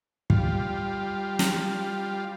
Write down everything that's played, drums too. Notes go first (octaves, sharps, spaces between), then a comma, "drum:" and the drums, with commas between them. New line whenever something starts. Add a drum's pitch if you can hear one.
G3 F4, drum: kick
drum: snare